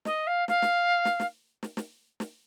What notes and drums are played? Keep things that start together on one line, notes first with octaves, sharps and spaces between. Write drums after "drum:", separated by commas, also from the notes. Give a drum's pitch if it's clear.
D#5, drum: snare
F5
F5, drum: snare
drum: snare
drum: snare
drum: snare
drum: snare
drum: snare
drum: snare